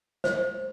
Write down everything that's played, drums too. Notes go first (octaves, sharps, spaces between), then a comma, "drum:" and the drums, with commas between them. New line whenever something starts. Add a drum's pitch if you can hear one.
C5, drum: snare